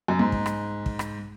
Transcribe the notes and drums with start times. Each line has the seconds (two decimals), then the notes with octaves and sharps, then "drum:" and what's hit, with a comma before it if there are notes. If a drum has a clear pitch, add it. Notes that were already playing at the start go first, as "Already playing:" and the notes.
0.08 F#2
0.19 G#2
0.32 drum: kick
0.46 drum: rim click
0.86 drum: kick
0.99 drum: rim click